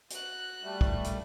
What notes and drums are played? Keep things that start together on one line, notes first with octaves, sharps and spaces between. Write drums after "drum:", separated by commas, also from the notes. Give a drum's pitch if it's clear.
F#4 F#6, drum: hi-hat
G3 A3
drum: kick
drum: hi-hat